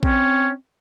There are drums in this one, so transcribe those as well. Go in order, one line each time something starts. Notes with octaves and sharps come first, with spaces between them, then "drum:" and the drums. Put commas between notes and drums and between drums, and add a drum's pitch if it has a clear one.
C4 C#4, drum: kick A#1